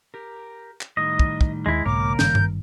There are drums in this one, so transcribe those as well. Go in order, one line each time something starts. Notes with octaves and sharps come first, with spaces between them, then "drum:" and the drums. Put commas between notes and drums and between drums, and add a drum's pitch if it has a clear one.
G4 A#4
drum: clap
A2 D#3 G3 D#5
drum: kick
drum: kick
D#2 G#3 E4
E1 B1 G#2 C#3 A#3 A#4 C#5 D6
G#1 G2 D#3 G6, drum: snare
drum: tom G2